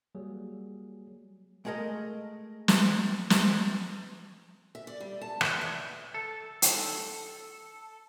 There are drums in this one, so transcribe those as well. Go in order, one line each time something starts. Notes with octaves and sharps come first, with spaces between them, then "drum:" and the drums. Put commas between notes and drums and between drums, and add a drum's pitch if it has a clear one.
F#3 G3 A#3 G#4
G#3 A3 G#4 A#4 D#5
drum: snare
drum: snare
E5
D5
G3
A5
E3, drum: rim click
E5
A4
A4, drum: hi-hat